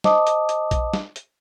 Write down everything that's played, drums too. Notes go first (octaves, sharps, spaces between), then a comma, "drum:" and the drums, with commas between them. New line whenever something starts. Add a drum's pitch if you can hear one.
C5 D#5 A5 D6 D#6, drum: snare
drum: hi-hat
drum: hi-hat
drum: kick A#1, hi-hat
drum: snare
drum: hi-hat